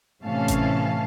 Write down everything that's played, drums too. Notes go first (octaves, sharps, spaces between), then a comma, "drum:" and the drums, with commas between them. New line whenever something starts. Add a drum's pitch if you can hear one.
A2 C3 E3 C#4 F5 A5
drum: kick G#1, hi-hat